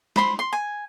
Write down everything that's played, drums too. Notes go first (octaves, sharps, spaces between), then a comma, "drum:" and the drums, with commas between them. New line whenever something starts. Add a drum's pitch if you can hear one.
C5 B5 C6, drum: snare
C6
G#5